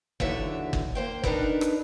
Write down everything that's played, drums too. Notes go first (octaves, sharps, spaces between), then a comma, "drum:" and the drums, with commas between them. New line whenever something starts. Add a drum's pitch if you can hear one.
D#2 D3 E3 F#3 E5, drum: kick
drum: kick
A#3 C5 G5
D4 D#4 A#4 B4, drum: kick
drum: rim click